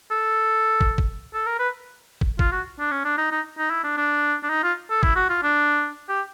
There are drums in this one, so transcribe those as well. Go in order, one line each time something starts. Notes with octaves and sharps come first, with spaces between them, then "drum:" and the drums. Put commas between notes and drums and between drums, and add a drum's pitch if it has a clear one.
A4
drum: kick
drum: kick
A4
A#4
B4
drum: kick
F4, drum: kick
F#4
D4
C#4
D4
D#4
D#4
D#4
E4
D4
D4
D4
D#4
F4
A4
E4, drum: kick
F#4
F4
D4
G4